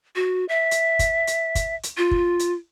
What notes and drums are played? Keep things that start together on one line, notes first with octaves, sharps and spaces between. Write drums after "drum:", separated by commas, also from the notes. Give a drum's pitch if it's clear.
F#4
E5
drum: hi-hat
drum: kick, hi-hat
drum: hi-hat
drum: kick, hi-hat
drum: hi-hat
F4
drum: kick
drum: hi-hat